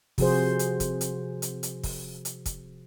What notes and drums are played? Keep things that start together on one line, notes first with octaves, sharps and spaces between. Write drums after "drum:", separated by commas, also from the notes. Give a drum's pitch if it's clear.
C3 F3 F#4 G#4 C5, drum: kick, open hi-hat
drum: hi-hat
drum: kick, hi-hat
drum: hi-hat
drum: hi-hat
drum: hi-hat
drum: kick, open hi-hat
drum: hi-hat
drum: kick, hi-hat